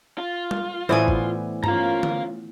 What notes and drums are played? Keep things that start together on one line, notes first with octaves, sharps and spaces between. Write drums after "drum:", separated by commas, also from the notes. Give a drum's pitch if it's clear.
F4
drum: tom
A2 E3 B3 C5 D5 G#5
drum: kick
C#4 F4 F5 A#5, drum: tom G2
drum: tom D3